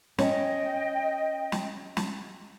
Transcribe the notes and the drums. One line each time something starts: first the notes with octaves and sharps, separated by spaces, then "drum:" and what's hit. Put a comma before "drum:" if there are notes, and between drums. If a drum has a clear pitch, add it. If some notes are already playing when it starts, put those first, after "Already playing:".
C#4 D#5 G5, drum: snare
drum: snare
drum: snare